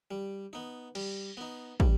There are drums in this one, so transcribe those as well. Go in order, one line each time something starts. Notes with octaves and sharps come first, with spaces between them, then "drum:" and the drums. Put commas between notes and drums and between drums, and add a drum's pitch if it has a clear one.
G3
B3 D#4
G3, drum: cymbal
B3 D#4
G3, drum: kick